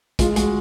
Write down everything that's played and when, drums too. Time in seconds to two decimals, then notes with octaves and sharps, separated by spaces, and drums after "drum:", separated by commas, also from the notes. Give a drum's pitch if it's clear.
0.19 G#3 F4, drum: kick, hi-hat
0.36 G#3 F#4, drum: hi-hat